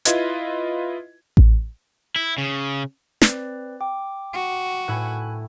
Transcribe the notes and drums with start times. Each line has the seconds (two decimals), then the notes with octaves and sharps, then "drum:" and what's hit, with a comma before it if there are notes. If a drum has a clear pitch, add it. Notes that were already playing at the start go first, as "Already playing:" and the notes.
0.05 E4 F4 B4 D#5 G#6, drum: hi-hat
1.37 drum: kick A1
2.16 E4
2.38 C#3
3.22 C4 B4 D5, drum: snare
3.81 G5 D6
4.33 F#4
4.88 A2 A3 E4 G#5 B5 F#6